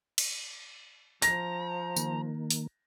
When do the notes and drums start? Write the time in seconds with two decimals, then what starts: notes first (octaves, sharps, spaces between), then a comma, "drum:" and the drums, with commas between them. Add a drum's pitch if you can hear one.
0.18 drum: cymbal
1.22 F3 A#5 A#6, drum: open hi-hat
1.96 D#3 A#3, drum: tambourine
2.51 drum: open hi-hat